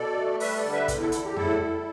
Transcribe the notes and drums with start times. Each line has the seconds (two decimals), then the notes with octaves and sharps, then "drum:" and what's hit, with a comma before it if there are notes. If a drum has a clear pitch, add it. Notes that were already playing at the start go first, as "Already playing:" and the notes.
Already playing: B2 A4 D5
0.17 A3
0.40 G3 B4 E5, drum: open hi-hat
0.57 A4 D5
0.64 D3
0.72 B4 E5
0.88 E2, drum: kick, hi-hat
1.00 E4 A4
1.12 E2 E4 A4, drum: hi-hat
1.25 G4
1.36 A2 E4 A4, drum: tom F2
1.60 G3